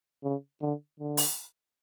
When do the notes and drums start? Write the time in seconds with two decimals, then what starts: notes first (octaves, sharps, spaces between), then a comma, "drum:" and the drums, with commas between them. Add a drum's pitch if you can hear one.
0.24 C#3
0.62 D3
1.00 D3
1.17 drum: open hi-hat